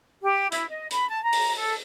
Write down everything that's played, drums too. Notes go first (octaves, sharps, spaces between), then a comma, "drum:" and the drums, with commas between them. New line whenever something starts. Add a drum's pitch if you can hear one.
G4
E4, drum: hi-hat
D#5
B5, drum: hi-hat
A5
A#5
drum: open hi-hat
A4